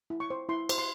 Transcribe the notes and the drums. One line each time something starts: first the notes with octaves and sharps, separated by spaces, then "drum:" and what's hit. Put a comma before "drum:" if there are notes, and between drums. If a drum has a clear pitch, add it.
E4
C#6
C5
E4 C6
C5, drum: cymbal
C6